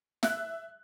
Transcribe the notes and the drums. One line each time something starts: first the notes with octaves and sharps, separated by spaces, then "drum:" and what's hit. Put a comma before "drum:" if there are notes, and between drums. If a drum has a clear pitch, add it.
E5 F#6, drum: snare